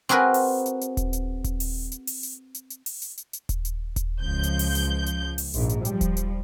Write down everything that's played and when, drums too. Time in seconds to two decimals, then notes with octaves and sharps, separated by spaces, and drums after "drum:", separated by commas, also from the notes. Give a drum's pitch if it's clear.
0.09 C4 F#4 G#4 A#4 B4
0.34 drum: open hi-hat
0.66 drum: hi-hat
0.81 drum: hi-hat
0.97 drum: kick D#1, hi-hat
1.13 drum: hi-hat
1.44 drum: kick D#1, hi-hat
1.60 drum: open hi-hat
1.92 drum: hi-hat
2.07 drum: open hi-hat
2.23 drum: hi-hat
2.55 drum: hi-hat
2.70 drum: hi-hat
2.86 drum: open hi-hat
3.02 drum: hi-hat
3.18 drum: hi-hat
3.33 drum: hi-hat
3.49 drum: kick D#1, hi-hat
3.65 drum: hi-hat
3.96 drum: kick D#1, hi-hat
4.20 C#2 F3 G6
4.43 drum: hi-hat
4.59 drum: open hi-hat
4.75 drum: hi-hat
5.06 drum: hi-hat
5.38 drum: open hi-hat
5.54 A#1 G#2, drum: hi-hat
5.69 drum: hi-hat
5.85 F3 G3, drum: hi-hat
6.01 drum: kick D#1, hi-hat
6.17 drum: hi-hat